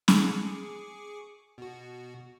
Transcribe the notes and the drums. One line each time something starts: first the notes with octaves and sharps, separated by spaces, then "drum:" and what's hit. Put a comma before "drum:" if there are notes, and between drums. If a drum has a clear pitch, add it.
G#4 C#6 D6, drum: snare C#4
B2 F#4